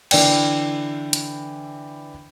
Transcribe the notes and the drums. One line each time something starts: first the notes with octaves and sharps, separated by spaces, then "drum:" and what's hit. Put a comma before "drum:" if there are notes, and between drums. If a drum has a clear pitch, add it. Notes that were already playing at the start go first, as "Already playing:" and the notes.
D3 E3 B4 D5 G5, drum: cymbal
drum: hi-hat